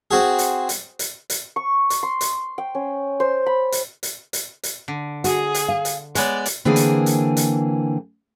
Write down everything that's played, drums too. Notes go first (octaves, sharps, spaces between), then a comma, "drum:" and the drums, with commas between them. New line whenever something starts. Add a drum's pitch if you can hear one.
C4 F#4 G#4
drum: hi-hat
drum: hi-hat
drum: hi-hat
drum: hi-hat
C#6
drum: hi-hat
C6
drum: hi-hat
G5
C#4
C5
B5
drum: hi-hat
drum: hi-hat
drum: hi-hat
drum: hi-hat
D3
F#4 G#4, drum: hi-hat
drum: hi-hat
F5
drum: hi-hat
G#3 B3 C#5 D5, drum: hi-hat
drum: hi-hat
D3 E3 A#3 C4 G#4
drum: hi-hat
drum: hi-hat
drum: hi-hat